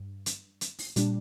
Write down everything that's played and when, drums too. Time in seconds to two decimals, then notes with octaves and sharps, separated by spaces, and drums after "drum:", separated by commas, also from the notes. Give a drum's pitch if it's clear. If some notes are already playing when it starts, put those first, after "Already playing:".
Already playing: G2
0.26 drum: hi-hat
0.61 drum: hi-hat
0.79 drum: open hi-hat
0.96 A#2 G3 D4, drum: hi-hat